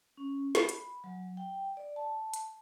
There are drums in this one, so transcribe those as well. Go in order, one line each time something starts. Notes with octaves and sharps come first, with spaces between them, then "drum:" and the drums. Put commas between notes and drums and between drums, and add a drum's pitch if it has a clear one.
C#4
B5, drum: snare
drum: hi-hat
F#3
G5
D5
A5
drum: hi-hat